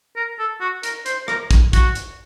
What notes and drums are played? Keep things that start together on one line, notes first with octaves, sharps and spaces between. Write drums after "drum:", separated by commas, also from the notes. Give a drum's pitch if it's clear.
A#4
A4
F#4
A#4, drum: hi-hat
C5, drum: hi-hat
A#4, drum: rim click
drum: kick, hi-hat
F#4, drum: kick, hi-hat
drum: hi-hat